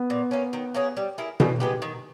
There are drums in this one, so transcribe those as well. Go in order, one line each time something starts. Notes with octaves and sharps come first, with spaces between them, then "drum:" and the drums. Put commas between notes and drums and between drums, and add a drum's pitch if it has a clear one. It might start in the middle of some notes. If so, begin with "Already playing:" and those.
Already playing: B3
A#2
A#3 C#4
D#3
A#3 C#4 G#4
G3
A#3 E4 G#4
B2, drum: tom B2
G#3 B3 G4
D#3